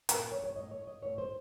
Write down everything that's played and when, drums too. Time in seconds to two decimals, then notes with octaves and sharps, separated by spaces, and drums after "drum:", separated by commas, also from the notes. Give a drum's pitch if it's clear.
0.09 A#2 A#4, drum: hi-hat
0.32 C#5
0.44 C#5
0.56 A2 D#5
0.71 C#5
0.87 D#5
1.02 A2 C#5
1.18 C5